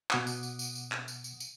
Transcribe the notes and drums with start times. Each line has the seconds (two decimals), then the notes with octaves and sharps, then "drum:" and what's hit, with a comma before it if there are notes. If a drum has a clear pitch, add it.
0.10 B2 F#5 D6 D#6, drum: clap
0.27 drum: tambourine
0.43 drum: tambourine
0.59 drum: tambourine
0.75 drum: tambourine
0.92 drum: clap
1.08 drum: tambourine
1.24 drum: tambourine
1.40 drum: tambourine